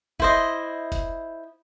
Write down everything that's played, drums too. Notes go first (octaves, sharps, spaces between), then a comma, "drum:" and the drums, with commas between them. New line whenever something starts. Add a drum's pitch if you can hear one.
E4 C5 D#5, drum: kick F1
drum: kick F1, hi-hat